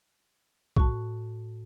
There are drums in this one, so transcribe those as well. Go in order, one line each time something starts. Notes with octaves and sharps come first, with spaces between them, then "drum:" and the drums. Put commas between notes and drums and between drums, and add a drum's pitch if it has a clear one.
A2 F#4 A5, drum: kick